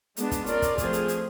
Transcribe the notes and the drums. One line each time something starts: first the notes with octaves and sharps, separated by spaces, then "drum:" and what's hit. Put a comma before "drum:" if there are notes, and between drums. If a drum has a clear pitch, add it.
G#3 B3 D4, drum: hi-hat
drum: kick, hi-hat
C#4 F4 A#4 D5, drum: hi-hat
drum: kick, hi-hat
F3 A3 C4 F4 G#4, drum: kick, hi-hat
drum: hi-hat
drum: hi-hat